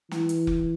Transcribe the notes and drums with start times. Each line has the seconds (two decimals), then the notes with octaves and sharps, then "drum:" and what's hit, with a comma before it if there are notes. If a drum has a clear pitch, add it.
0.11 E3, drum: snare
0.29 drum: hi-hat
0.47 drum: kick F1